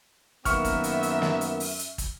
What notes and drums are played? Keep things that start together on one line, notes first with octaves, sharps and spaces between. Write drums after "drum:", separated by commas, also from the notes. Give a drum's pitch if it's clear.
F#2 D#3 A#3 B3 E5 C#6 F6, drum: kick, hi-hat
drum: kick, hi-hat
drum: hi-hat
drum: hi-hat
drum: snare
drum: hi-hat
drum: open hi-hat
drum: hi-hat
drum: kick, hi-hat